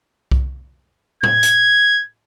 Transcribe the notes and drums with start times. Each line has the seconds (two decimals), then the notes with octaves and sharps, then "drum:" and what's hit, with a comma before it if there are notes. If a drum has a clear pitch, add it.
0.31 drum: kick C2
1.23 G#6, drum: tom A2
1.43 drum: hi-hat